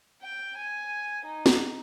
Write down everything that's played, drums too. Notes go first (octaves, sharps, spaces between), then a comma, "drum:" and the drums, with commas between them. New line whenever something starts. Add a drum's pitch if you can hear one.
G5
G#5
D#4
drum: snare